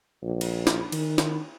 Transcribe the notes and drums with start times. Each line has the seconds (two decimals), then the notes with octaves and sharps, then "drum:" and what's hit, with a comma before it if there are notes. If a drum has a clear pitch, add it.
0.22 A#1
0.41 drum: cymbal
0.67 drum: snare
0.92 D#3, drum: cymbal
1.18 drum: snare